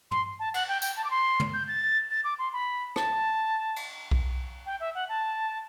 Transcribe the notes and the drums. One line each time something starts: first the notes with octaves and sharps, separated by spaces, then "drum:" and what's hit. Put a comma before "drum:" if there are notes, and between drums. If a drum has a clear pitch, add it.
C6, drum: tom
A5
F#5, drum: cymbal
G5
G5, drum: tambourine
A5
D6
C6
drum: tom
G6
A6
A6
D6
C6
B5
A5, drum: rim click
drum: cymbal
drum: kick B1
G5
E5
F#5
A5